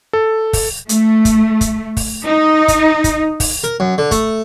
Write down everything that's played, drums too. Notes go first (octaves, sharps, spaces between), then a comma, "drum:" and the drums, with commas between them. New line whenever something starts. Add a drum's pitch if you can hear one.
A4
drum: kick, open hi-hat
A3, drum: hi-hat
drum: kick, hi-hat
drum: kick, hi-hat
drum: kick, open hi-hat
D#4
drum: kick, hi-hat
drum: kick, hi-hat
drum: kick, open hi-hat
A#4
F#2
D3
A3, drum: kick, hi-hat